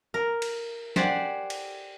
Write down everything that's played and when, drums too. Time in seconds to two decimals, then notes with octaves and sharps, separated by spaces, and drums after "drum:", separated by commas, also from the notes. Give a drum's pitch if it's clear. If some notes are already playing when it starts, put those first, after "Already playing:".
0.14 A#4
0.42 drum: cymbal
0.96 G4 C5 D5 F#5 G#5, drum: snare
1.50 drum: cymbal